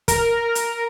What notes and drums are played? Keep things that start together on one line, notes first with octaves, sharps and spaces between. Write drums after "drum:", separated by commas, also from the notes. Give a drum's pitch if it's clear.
A#4, drum: kick, hi-hat
drum: hi-hat